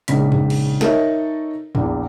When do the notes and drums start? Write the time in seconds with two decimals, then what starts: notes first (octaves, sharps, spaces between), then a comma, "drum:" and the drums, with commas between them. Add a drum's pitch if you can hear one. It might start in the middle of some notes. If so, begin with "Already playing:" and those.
0.08 A#1 G#2 C#3 B6, drum: hi-hat
0.32 drum: tom
0.50 drum: cymbal
0.81 D#4 A4 A#4 C#5 D#5 E5, drum: snare
1.75 A#1 E2, drum: tom